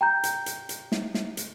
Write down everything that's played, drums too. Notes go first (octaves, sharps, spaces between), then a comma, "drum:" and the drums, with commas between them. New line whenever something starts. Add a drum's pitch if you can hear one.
G5 A#5 G6
drum: hi-hat
drum: hi-hat
drum: hi-hat
drum: snare
drum: snare
drum: hi-hat